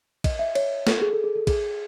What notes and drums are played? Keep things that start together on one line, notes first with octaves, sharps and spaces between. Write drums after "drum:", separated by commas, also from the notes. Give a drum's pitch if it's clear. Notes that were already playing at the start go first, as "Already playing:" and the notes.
D#5, drum: kick, cymbal
E5
C#5, drum: cymbal
A4, drum: snare
G#4
A4
G#4
A4
G#4, drum: kick, cymbal